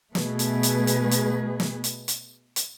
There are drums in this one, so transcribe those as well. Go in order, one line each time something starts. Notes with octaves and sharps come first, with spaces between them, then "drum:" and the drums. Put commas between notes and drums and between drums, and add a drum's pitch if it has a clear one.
B2 A3 G#4 B4, drum: snare
drum: hi-hat
drum: hi-hat
drum: hi-hat
drum: hi-hat
drum: snare
drum: hi-hat
drum: hi-hat
drum: hi-hat